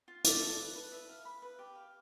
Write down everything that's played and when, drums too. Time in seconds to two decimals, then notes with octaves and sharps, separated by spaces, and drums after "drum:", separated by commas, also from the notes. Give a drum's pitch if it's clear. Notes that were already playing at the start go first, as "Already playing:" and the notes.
0.08 F4
0.24 D5, drum: hi-hat
0.41 A4
0.59 B4
0.75 B4
0.92 E5
1.09 F5
1.25 B5
1.42 B4
1.59 G4
1.75 F5